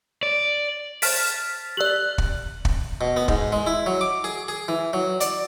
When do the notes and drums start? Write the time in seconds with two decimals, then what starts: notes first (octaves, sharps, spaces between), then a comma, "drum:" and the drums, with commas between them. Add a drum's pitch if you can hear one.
0.23 D5
1.02 C5 A5 F6 A6 B6 D7, drum: open hi-hat
1.77 G4 D5 E6 F#6 F#7
2.18 drum: kick
2.65 drum: kick
3.01 B2
3.17 B3
3.28 G#2, drum: kick
3.52 G#3
3.67 E4
3.86 F#3
4.01 D6
4.24 G#4
4.48 G#4
4.68 E3
4.93 F#3
5.21 D5, drum: hi-hat